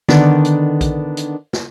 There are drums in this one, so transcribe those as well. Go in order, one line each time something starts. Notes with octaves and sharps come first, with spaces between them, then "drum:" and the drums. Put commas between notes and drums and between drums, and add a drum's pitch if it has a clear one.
D3 D#3 B3 D4, drum: snare
drum: hi-hat
drum: kick A#1, hi-hat
drum: hi-hat
drum: snare